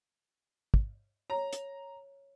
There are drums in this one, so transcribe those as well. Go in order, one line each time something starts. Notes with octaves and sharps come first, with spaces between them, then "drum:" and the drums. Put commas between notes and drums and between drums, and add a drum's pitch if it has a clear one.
drum: kick
C#5 A#5
drum: hi-hat